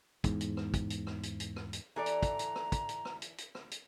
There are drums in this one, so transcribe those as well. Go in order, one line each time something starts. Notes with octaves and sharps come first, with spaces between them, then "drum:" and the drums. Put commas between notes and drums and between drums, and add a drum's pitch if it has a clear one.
E2 G#2, drum: kick, hi-hat
drum: hi-hat
drum: rim click
drum: kick, hi-hat
drum: hi-hat
drum: rim click
drum: hi-hat
drum: hi-hat
drum: rim click
drum: hi-hat
E3 A4 D5 A#5
drum: hi-hat
drum: kick, hi-hat
drum: hi-hat
drum: rim click
drum: kick, hi-hat
drum: hi-hat
drum: rim click
drum: hi-hat
drum: hi-hat
drum: rim click
drum: hi-hat